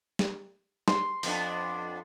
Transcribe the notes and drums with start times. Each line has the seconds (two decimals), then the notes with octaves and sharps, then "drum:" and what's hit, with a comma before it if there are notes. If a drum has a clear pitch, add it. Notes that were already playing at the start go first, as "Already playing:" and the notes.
0.19 drum: snare
0.88 C6, drum: snare
1.23 F2 B3 D4, drum: open hi-hat